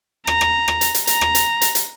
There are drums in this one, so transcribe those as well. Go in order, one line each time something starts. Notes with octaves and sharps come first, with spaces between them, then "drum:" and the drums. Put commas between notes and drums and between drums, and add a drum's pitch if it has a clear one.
A#5, drum: rim click
drum: rim click
drum: rim click
drum: hi-hat
drum: hi-hat
A#5, drum: hi-hat
drum: rim click
drum: hi-hat
drum: hi-hat
drum: hi-hat